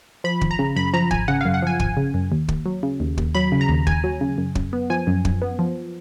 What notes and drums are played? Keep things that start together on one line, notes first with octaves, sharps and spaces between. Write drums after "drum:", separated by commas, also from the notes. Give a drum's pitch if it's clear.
F3 B5
G#1, drum: kick
A#5
C#3
F#2 B5
F3 A#5
G#1 G#5, drum: kick
C#3 F#5
F#2 F5
F#5
F3 G#5
G#1 G#5, drum: kick
C#3
F#2
D#2
D#2, drum: kick
F#3
C#3
D#2
D#2, drum: kick
F#3 B5
C#3
A#5
D#2
D#2 G#5, drum: kick
F#3
C#3
F#2
F#2, drum: kick
B3
F3 G#5
F#2
F#2, drum: kick
B3
F3